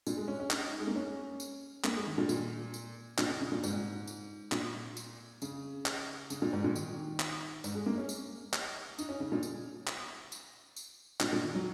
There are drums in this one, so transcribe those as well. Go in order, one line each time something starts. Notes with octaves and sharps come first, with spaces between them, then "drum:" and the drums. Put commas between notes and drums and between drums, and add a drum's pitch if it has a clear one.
A#2, drum: tambourine
G#3
C#4
C#4
D#4, drum: clap
G#3
A#3
C#4
drum: tambourine
A#3, drum: clap
G#3
D#3
A#2
A#2, drum: tambourine
drum: tambourine
A#2, drum: clap
C#3
C#3
A#2
G#2, drum: tambourine
drum: tambourine
A#2, drum: clap
drum: tambourine
C#3, drum: tambourine
drum: clap
C#3, drum: tambourine
A#2
G#2
A#2
D#3, drum: tambourine
drum: clap
G#2, drum: tambourine
G#3
A#3
C#4
drum: tambourine
drum: clap
D#4, drum: tambourine
C#4
C#3
A#2
drum: tambourine
drum: clap
drum: tambourine
drum: tambourine
A#2, drum: clap
A#2
D#3
F#3